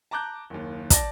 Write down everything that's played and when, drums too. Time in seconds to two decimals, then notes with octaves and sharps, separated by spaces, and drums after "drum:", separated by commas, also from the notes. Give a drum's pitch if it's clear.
0.11 A5 A#5 D6 F#6 G6
0.50 F#1 D#2
0.90 D5 A5 A#6, drum: kick, hi-hat